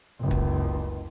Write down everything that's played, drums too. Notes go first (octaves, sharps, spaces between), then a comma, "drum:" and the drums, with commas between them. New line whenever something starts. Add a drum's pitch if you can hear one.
F#1 C#2
drum: kick